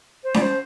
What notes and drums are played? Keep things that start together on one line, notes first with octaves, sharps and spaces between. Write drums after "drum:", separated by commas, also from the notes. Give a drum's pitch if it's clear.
C5
D5, drum: snare C#4
C5